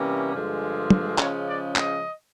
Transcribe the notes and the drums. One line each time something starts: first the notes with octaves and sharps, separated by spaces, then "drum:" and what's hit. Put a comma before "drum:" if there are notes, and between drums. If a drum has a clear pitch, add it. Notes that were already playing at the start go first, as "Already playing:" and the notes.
Already playing: C3 E3 G3 A#3 C#4
G2 D3 F3 G#3
drum: tom
C#3 F3 G#3 C#4 C#5, drum: clap
D5
D#5, drum: clap